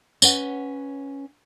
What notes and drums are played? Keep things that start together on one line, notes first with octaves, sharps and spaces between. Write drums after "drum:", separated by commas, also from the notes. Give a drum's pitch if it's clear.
C#4 B4 F#5, drum: tambourine